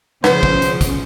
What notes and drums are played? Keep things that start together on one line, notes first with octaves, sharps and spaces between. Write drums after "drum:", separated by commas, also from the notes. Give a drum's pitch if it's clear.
C#3 F3 B3 C5, drum: snare
drum: kick
drum: hi-hat
drum: kick, hi-hat